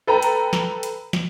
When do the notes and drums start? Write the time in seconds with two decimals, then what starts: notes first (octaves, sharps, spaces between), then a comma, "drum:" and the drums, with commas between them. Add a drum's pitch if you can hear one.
0.07 A4 B4 G5 A#5
0.23 drum: hi-hat
0.53 drum: snare
0.83 drum: hi-hat
1.13 drum: snare